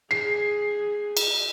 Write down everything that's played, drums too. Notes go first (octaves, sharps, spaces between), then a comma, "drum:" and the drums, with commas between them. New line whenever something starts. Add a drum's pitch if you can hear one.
G#4 C7
drum: cymbal